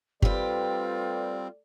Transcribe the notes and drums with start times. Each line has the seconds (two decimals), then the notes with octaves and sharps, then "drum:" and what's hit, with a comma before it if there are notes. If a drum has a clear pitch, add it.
0.22 G3 A3 C4 F4 G4 A4 B4 D5, drum: kick G1